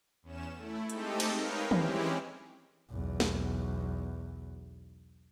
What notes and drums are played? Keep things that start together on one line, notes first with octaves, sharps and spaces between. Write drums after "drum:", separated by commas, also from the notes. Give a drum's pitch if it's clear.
E2 C#4 E7
A3 E4
G#3 A3 C4 D#4 G4 A4, drum: hi-hat
drum: cymbal
D#4 A#4 B4 C#5 F5 G5
E3 G#3 C4 C#4 E4 G4, drum: tom
B1 E2
drum: snare